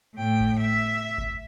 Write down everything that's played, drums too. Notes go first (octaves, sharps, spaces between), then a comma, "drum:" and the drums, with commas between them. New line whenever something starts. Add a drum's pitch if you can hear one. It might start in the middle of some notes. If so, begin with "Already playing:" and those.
A2 G5
drum: kick G1
E5
drum: kick G1